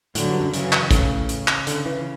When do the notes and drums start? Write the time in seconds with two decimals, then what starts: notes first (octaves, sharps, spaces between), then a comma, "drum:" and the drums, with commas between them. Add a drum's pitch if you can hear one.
0.15 A2 D3 F#3, drum: hi-hat
0.29 G2
0.40 F#2
0.54 F#2 C#3 E3, drum: hi-hat
0.72 drum: clap
0.91 A2 C#3, drum: kick, hi-hat
1.29 C#3, drum: hi-hat
1.48 drum: clap
1.67 D3, drum: hi-hat
1.86 E3